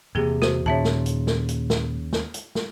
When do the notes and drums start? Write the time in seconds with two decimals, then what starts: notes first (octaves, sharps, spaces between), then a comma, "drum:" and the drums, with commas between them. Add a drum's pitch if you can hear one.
0.15 E2 C3 A#3 G4 G#4
0.42 F#4 C5, drum: snare
0.66 D#2 A#2 C#3 C#5 E5 A5
0.84 drum: snare
1.06 drum: hi-hat
1.27 drum: snare
1.49 drum: hi-hat
1.70 drum: snare
2.13 drum: snare
2.34 drum: hi-hat
2.55 drum: snare